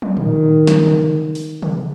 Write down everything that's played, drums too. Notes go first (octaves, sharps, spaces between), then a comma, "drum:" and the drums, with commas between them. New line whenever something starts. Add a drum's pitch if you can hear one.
drum: tom
D#3, drum: tom
drum: snare
drum: tom
drum: open hi-hat
drum: tom